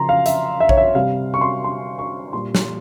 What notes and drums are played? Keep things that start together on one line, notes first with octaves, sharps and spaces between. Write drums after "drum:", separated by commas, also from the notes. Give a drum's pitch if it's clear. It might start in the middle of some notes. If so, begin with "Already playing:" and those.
Already playing: C#3 F3 A#5 C6
F5
E5, drum: hi-hat
E5
C#5, drum: kick A#1
E5
C3 G3 F5
C#6
C6
C6
C#6
A#2 G3 C6
drum: snare